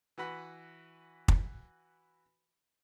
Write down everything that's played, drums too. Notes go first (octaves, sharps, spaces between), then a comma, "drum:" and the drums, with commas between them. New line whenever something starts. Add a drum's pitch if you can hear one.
E3 F#4 B4 F#5
drum: kick